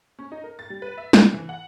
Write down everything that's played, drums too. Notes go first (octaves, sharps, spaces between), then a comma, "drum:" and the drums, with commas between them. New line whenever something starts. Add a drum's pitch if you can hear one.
C#4
D#4
A#4
A6
G3
B4
E5
C#3, drum: snare
E3
F#5